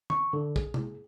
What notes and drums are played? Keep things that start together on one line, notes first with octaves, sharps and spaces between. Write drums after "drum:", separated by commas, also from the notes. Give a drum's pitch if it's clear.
C#6, drum: tom
D3
G#4, drum: kick
drum: tom